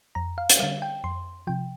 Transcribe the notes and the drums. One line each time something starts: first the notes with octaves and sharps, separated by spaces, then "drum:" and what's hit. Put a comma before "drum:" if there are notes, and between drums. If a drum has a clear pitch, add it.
F2 A#5
F5
drum: hi-hat
D3 G3 F5
G5
F2 C6
C3 F3 G5